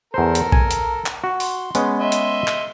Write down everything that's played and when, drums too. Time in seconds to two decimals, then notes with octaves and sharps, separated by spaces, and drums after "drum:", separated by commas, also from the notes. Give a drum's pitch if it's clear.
0.14 E2 A4 A#4 C5
0.35 drum: hi-hat
0.52 G#5, drum: kick A#1
0.71 drum: hi-hat
1.06 drum: clap
1.24 F#4
1.40 C6, drum: open hi-hat
1.75 G#3 B3 C#4, drum: hi-hat
1.99 D#5 E5 C6
2.12 drum: hi-hat
2.47 drum: clap